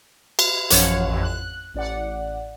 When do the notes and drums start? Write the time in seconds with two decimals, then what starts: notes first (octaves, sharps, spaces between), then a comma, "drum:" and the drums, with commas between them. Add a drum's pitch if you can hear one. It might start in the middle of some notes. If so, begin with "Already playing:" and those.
0.39 drum: cymbal
0.70 A1 F#2 F3 C#5 F5 F#5, drum: hi-hat
1.07 A1 F2
1.23 F#6
1.75 A1 D5 F#5